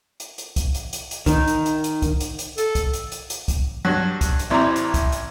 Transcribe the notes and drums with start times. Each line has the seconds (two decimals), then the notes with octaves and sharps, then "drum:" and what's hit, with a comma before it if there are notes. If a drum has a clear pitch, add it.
0.20 drum: hi-hat
0.38 drum: hi-hat
0.56 drum: kick, hi-hat
0.75 drum: hi-hat
0.93 drum: hi-hat
1.11 drum: hi-hat
1.26 D#3, drum: kick, hi-hat
1.48 drum: hi-hat
1.66 drum: hi-hat
1.84 drum: hi-hat
2.02 drum: kick, hi-hat
2.20 drum: hi-hat
2.39 drum: hi-hat
2.58 A4, drum: hi-hat
2.75 drum: kick, hi-hat
2.93 drum: hi-hat
3.12 drum: hi-hat
3.30 drum: hi-hat
3.48 drum: kick, hi-hat
3.85 G2 F#3
4.21 drum: kick, hi-hat
4.39 drum: hi-hat
4.50 A1 C4 E4 D5 A#5
4.76 drum: hi-hat
4.94 drum: kick, hi-hat
5.12 drum: hi-hat